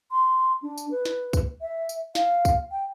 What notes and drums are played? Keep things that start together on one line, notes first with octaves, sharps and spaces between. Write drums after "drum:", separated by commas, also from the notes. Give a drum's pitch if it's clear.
C6
D4
drum: tambourine
B4
drum: snare
drum: kick C2, tambourine
E5
drum: tambourine
F5, drum: snare
drum: kick C2, tambourine
G5